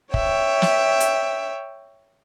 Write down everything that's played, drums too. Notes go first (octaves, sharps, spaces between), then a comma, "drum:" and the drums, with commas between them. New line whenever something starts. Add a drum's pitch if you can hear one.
C#5 E5 G5, drum: kick
drum: snare
drum: hi-hat